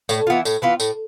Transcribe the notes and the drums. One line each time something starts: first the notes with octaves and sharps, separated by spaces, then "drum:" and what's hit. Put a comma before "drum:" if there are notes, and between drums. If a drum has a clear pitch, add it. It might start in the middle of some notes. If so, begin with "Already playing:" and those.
A2, drum: tambourine
E3 B3 F4
A2, drum: tambourine
E3 B3 F4
A2, drum: tambourine